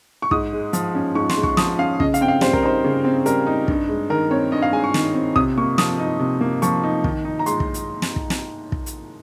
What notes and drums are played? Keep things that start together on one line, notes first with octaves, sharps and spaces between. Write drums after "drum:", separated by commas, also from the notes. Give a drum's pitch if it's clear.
C#6
G#2 D#6, drum: kick
G#3
F3, drum: hi-hat
C#4
G#2 C#6
C6, drum: snare
G#3
C#6, drum: kick
F3 D#6, drum: snare
C#4 F5
C#3 D#5, drum: kick
F5, drum: hi-hat
C4 G5
F5
G3 C5, drum: snare
A#4, drum: kick
D#4 C5
C#3
C4
G3 A#4, drum: hi-hat
D#4
G2, drum: kick
G#3
D#3 A#4
C4 C#5
G2 D#5
F5
G#3 G#5
C#6
D#3, drum: snare
C4
C3 D#6, drum: kick
A#3 C#6
F3 D#6, drum: snare
D#4
C3
A#3
F3 C#6, drum: hi-hat
D#4
D#3, drum: kick
D#4
A#5
G#3 C6, drum: hi-hat
drum: kick
drum: hi-hat
drum: snare
drum: kick
drum: snare
drum: kick
drum: hi-hat